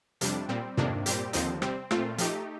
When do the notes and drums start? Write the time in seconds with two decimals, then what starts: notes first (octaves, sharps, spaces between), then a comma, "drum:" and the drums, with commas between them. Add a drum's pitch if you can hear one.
0.21 F2 C3 G3 D4, drum: hi-hat
0.49 A#2 G3 C4
0.77 F2 C3 D#3 A#3 D4, drum: tom
1.06 A#2 G3 C4 G4, drum: hi-hat
1.33 D#2 D3 F3 C4 D#4, drum: hi-hat
1.62 C3 G3 C4, drum: rim click
1.91 A#2 A3 C4 F4, drum: rim click
2.18 F3 A3 D#4 G4, drum: hi-hat